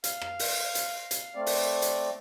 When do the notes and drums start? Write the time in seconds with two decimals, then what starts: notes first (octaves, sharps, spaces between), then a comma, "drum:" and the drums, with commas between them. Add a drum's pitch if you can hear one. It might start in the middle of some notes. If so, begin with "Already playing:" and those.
0.04 F5, drum: hi-hat
0.22 drum: rim click
0.39 drum: open hi-hat
0.75 drum: hi-hat
1.11 drum: hi-hat
1.35 A3 C4 D5
1.46 drum: open hi-hat
1.82 drum: hi-hat